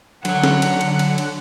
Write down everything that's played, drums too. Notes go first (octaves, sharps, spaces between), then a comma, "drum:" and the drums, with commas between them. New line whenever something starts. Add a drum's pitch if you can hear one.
D3 F#3 C#5 F#5, drum: cymbal
drum: snare
drum: cymbal
drum: cymbal
drum: cymbal
drum: cymbal